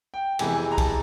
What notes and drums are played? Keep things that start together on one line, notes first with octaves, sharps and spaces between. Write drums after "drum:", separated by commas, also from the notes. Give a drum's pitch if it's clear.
G5
F2 C3 E3 G#3 B3 G#5, drum: cymbal
A#5
A5, drum: kick B1, cymbal